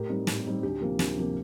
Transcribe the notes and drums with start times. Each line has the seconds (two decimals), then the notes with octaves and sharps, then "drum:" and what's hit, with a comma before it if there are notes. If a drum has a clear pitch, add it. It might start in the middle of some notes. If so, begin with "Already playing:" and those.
Already playing: A2 G4 A#4
0.09 G3 C4 D#4
0.27 A2, drum: snare
0.46 G3 C4 D#4
0.63 D2 G4
0.81 C3 F3 A#3
0.99 D2, drum: snare
1.17 C3 F3 A#3